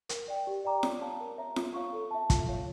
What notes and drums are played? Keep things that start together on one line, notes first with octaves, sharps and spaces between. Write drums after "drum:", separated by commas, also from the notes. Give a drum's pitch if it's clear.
A#4, drum: hi-hat
D5 G5
G4
D5 G5 A#5 D6
C#5, drum: snare F4
F5 A5
A#4
C#5 E5 A#5
F4, drum: snare F4
C#5 F5 C#6
A4
E5 A5
F4, drum: kick, hi-hat
C#5 F5